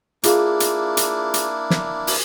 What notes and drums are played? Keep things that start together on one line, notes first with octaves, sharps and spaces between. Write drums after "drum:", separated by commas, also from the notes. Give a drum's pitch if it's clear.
A#3 D4 E4 F4 G#4 F5, drum: hi-hat
drum: hi-hat
drum: hi-hat
drum: hi-hat
drum: snare
drum: open hi-hat